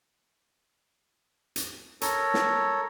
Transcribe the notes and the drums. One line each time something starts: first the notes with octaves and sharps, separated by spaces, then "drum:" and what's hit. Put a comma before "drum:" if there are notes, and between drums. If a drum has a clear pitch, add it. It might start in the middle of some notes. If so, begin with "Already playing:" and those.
drum: hi-hat
A4 A#4 C#5, drum: hi-hat
drum: snare